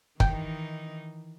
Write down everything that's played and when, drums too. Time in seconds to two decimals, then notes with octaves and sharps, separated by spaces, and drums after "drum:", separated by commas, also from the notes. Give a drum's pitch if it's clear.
0.20 D#3 E3 D#4 G4, drum: kick